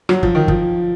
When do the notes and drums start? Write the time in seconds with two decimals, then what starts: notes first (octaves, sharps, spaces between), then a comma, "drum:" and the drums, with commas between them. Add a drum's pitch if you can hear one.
0.09 F#3, drum: rim click
0.23 F3, drum: kick
0.35 D#3
0.48 F3, drum: kick